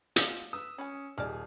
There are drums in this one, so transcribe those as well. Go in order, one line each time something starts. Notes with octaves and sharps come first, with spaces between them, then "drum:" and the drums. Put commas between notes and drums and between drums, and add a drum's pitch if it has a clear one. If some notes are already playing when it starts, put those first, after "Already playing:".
F#3 G#3 F4 D5, drum: hi-hat
B4 D#6 E6
C#4 G#5 B5
D#1 D#4 E4 G4 G#4 D5 F6